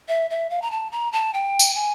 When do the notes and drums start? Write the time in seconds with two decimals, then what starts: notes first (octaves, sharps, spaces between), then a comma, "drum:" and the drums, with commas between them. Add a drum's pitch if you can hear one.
0.08 E5
0.30 E5
0.50 F5
0.62 A#5
0.71 A5
0.92 A#5
1.12 A5
1.34 G5
1.59 drum: tambourine
1.75 G#5